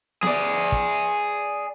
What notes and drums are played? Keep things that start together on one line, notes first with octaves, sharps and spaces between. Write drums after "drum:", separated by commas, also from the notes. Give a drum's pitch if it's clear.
G#4 D5, drum: snare B3
drum: kick